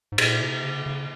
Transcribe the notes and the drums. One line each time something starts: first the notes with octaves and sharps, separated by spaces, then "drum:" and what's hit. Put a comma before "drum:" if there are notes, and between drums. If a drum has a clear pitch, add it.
G#2
A#2, drum: cymbal
C3
C#3
C#3